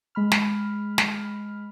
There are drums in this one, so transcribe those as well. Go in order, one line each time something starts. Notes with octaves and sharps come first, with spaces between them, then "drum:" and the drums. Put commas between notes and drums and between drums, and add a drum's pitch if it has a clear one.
G#3 B5 F6
drum: snare
drum: snare